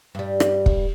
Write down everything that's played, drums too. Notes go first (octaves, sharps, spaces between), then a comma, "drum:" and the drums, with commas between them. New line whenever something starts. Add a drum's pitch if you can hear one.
G2 G3
drum: rim click
drum: kick